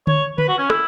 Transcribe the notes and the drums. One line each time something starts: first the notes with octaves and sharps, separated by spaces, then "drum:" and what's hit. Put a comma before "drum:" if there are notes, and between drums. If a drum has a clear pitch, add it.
C#5, drum: tom D3
B4, drum: tom D3
F#4
C#4
E4, drum: rim click